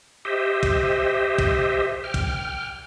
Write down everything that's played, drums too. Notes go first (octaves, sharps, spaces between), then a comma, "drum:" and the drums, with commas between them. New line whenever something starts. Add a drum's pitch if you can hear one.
G4 C5 D#5 E5
drum: kick, cymbal
drum: kick, cymbal
G5 F6
drum: kick, cymbal